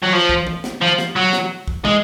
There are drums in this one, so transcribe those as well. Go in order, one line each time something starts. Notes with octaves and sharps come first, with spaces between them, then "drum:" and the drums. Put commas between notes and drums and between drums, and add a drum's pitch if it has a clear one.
F#3
F3
drum: kick
drum: tom
drum: snare
F3
drum: snare
F#3
drum: snare
drum: kick
G#3, drum: tom